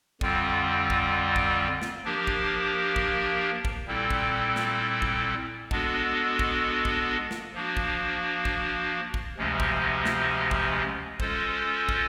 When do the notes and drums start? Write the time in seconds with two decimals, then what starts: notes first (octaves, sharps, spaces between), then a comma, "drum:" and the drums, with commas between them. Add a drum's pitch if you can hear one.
0.21 F2 D3 G3 C4 F4, drum: kick
0.90 drum: kick
1.36 drum: kick
1.82 drum: snare
2.05 F3 A#3 D4 G4 A#4
2.27 drum: kick
2.96 drum: kick
3.65 drum: kick
3.88 A#2 G3 C4 E4 A4
4.10 drum: kick
4.56 drum: snare
5.02 drum: kick
5.71 G#3 B3 D4 F#4 A4, drum: kick
6.39 drum: kick
6.85 drum: kick
7.31 drum: snare
7.54 F3 A#3 D4 F#4
7.77 drum: kick
8.45 drum: kick
9.14 drum: kick
9.37 D2 C3 F3 G#3 C#4
9.60 drum: kick
10.06 drum: snare
10.51 drum: kick
11.20 G#3 C#4 F4 A4 C5, drum: kick
11.89 drum: kick